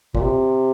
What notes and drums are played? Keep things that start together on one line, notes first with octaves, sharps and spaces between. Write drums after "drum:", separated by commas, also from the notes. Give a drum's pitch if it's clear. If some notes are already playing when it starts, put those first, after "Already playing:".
A#2, drum: kick
C3